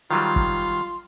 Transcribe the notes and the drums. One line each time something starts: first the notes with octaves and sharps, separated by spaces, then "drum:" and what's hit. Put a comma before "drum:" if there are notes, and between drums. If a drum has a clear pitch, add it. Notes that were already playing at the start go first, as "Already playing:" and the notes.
D#3 F#3 G3 F4 C6
drum: kick